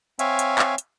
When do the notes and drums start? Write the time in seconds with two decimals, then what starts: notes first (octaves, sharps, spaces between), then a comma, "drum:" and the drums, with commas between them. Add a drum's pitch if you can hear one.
0.19 C4 C#5 E5 F5 G#5, drum: hi-hat
0.39 drum: hi-hat
0.59 drum: clap
0.78 drum: hi-hat